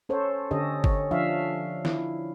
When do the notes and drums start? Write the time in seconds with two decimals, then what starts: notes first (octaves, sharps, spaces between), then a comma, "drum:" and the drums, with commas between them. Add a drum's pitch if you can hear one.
0.09 C#4 A4 C5 C#5
0.51 D3 C#4 G4 A4 D#5
0.84 C#5, drum: kick G1
1.11 F3 D4 E5 F5
1.85 E4, drum: snare